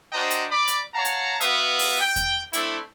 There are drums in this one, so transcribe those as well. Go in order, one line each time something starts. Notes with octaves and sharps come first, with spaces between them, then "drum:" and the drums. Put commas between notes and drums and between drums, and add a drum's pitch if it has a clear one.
D4 F#4 C5 D#5 G5 A#5
drum: hi-hat
D5 B5 D6
drum: hi-hat
C#5 F5 F#5 A5 A#5
drum: hi-hat
B3 F#4 B4 E5 F5 D#6, drum: hi-hat
drum: open hi-hat
G5
drum: kick E2, hi-hat
A3 C4 D4 E4, drum: hi-hat